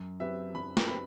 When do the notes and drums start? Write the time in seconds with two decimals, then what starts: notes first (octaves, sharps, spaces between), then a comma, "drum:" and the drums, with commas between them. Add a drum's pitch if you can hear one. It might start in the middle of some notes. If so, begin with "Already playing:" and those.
Already playing: F#2
0.20 F#3 C4 G4 B4 E5
0.55 F#2 B5
0.77 drum: snare
0.88 F#3 C4 G4 B4 B5